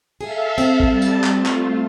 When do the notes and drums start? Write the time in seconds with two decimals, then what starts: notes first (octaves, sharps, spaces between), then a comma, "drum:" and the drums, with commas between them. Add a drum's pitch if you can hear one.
0.21 G#4 A4 E5 F5
0.58 C4, drum: tambourine
0.80 drum: kick G#1
0.90 G3 A5 A6
1.02 drum: tambourine
1.24 drum: clap
1.33 A3 F4
1.46 drum: clap